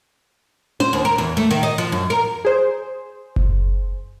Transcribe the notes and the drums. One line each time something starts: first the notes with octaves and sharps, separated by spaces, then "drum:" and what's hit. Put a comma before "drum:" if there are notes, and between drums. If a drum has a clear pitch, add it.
C5, drum: tom C#4
D#2
A#4
E2
A3
D#3
D#5
F3
F#2
A#4
G#4 C5
drum: kick F#1